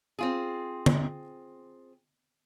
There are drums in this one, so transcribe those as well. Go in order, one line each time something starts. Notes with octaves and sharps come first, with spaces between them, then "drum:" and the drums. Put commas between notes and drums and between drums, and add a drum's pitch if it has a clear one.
C4 F4 G#4
drum: tom